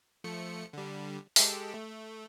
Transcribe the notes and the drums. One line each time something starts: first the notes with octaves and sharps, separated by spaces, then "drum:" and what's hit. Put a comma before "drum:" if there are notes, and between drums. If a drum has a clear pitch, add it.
F3 A3 C#7
D3 G3
G#3 G4 A4, drum: open hi-hat
A3